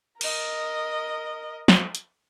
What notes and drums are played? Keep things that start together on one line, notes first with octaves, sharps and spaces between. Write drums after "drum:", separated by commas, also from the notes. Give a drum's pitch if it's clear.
A#4 D#5, drum: cymbal
drum: snare
drum: hi-hat